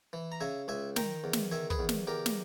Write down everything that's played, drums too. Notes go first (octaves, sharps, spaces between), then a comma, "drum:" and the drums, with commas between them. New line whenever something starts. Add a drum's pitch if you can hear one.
E3
A#5
C#3 E5 G#5
C#2 E5 G#5
D#3 G5 A#5, drum: snare
E2
drum: snare
D#3 E5 G#5
G#4 B4, drum: kick
E2
drum: snare
E2 G4 A#4
drum: snare